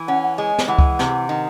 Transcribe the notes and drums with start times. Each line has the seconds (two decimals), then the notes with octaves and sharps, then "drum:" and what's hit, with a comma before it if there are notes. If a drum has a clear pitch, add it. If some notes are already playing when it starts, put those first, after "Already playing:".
Already playing: E3
0.08 C#4 F#5
0.23 F#5
0.38 G#3 G#5
0.58 drum: snare
0.68 E3 F#5
0.79 drum: kick C#2
0.99 C3, drum: snare
1.29 D#3